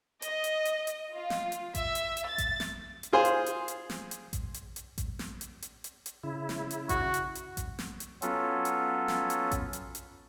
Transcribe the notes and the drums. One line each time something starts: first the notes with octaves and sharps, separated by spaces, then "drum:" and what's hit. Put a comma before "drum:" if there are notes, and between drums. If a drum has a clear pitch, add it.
D#5, drum: hi-hat
drum: hi-hat
drum: hi-hat
drum: hi-hat
F4
drum: snare
drum: hi-hat
E5, drum: kick A1, hi-hat
drum: hi-hat
drum: hi-hat
A6
drum: kick A1, hi-hat
drum: snare
drum: hi-hat
F4 G#4 C5 G#5
drum: hi-hat
drum: hi-hat
drum: hi-hat
drum: snare
drum: hi-hat
drum: kick A1, hi-hat
drum: hi-hat
drum: hi-hat
drum: kick A1, hi-hat
drum: snare
drum: hi-hat
drum: hi-hat
drum: hi-hat
drum: hi-hat
C#3 E4
drum: snare
drum: hi-hat
F#4, drum: kick A1, hi-hat
drum: hi-hat
drum: hi-hat
drum: kick A1, hi-hat
drum: snare
drum: hi-hat
F#3 B3 C#4 F4 A4, drum: hi-hat
drum: hi-hat
drum: snare
drum: hi-hat
drum: kick A1, hi-hat
drum: hi-hat
drum: hi-hat